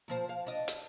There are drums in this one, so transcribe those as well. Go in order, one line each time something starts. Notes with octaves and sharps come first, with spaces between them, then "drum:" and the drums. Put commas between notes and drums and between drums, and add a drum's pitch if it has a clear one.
A#2 F3 C5
F5
D4 D#5
drum: hi-hat